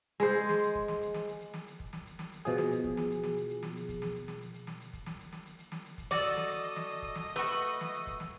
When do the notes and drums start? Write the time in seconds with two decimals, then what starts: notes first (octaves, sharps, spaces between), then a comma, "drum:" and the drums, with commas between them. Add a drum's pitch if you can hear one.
0.20 G#3 C5
0.36 drum: hi-hat
0.49 drum: snare
0.62 drum: hi-hat
0.75 drum: kick F1
0.88 drum: snare
1.01 drum: hi-hat
1.14 drum: snare
1.27 drum: hi-hat
1.41 drum: hi-hat
1.54 drum: snare
1.67 drum: hi-hat
1.80 drum: kick F1
1.93 drum: snare
2.06 drum: hi-hat
2.19 drum: snare
2.32 drum: hi-hat
2.45 B2 F3 G#4, drum: hi-hat
2.58 drum: snare
2.71 drum: hi-hat
2.84 drum: kick F1
2.97 drum: snare
3.10 drum: hi-hat
3.23 drum: snare
3.37 drum: hi-hat
3.50 drum: hi-hat
3.63 drum: snare
3.76 drum: hi-hat
3.89 drum: kick F1, hi-hat
4.02 drum: snare
4.15 drum: hi-hat
4.28 drum: snare
4.41 drum: hi-hat
4.54 drum: hi-hat
4.67 drum: snare
4.80 drum: hi-hat
4.93 drum: kick F1, hi-hat
5.06 drum: snare
5.19 drum: hi-hat
5.33 drum: snare
5.46 drum: hi-hat
5.59 drum: hi-hat
5.72 drum: snare
5.85 drum: hi-hat
5.98 drum: kick F1, hi-hat
6.11 F#4 A4 D5 D#5, drum: snare
6.24 drum: hi-hat
6.37 drum: snare
6.50 drum: hi-hat
6.63 drum: hi-hat
6.76 drum: snare
6.89 drum: hi-hat
7.02 drum: kick F1, hi-hat
7.15 drum: snare
7.36 A3 F#4 B4 C#6
7.55 drum: hi-hat
7.68 drum: hi-hat
7.81 drum: snare
7.94 drum: hi-hat
8.07 drum: kick F1, hi-hat
8.20 drum: snare